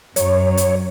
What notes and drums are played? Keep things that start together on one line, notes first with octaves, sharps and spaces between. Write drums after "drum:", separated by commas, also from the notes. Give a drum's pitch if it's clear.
F#2 F#3 C#5, drum: hi-hat
drum: hi-hat